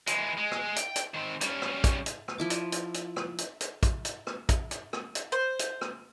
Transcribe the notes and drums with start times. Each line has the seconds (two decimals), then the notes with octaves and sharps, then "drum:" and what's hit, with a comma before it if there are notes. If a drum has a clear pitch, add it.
0.07 E3 G#3, drum: hi-hat
0.37 G#3
0.51 drum: rim click
0.76 G5, drum: hi-hat
0.96 drum: hi-hat
1.14 D#3 C4
1.41 G3 C#4, drum: hi-hat
1.62 drum: rim click
1.84 drum: kick, hi-hat
2.06 drum: hi-hat
2.28 drum: rim click
2.38 F3 E4 D6
2.50 drum: hi-hat
2.72 drum: hi-hat
2.94 drum: hi-hat
3.16 drum: rim click
3.38 drum: hi-hat
3.61 drum: hi-hat
3.83 drum: kick, hi-hat
4.05 drum: hi-hat
4.27 drum: rim click
4.49 drum: kick, hi-hat
4.71 drum: hi-hat
4.93 drum: rim click
5.15 drum: hi-hat
5.32 C5
5.59 drum: hi-hat
5.81 drum: rim click